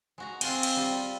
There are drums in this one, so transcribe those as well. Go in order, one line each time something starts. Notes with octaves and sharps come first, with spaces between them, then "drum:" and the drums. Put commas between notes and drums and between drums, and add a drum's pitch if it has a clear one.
G#3 F#4 A#5
G#3 C4 F4 G5, drum: cymbal
drum: cymbal
G3 F4 G4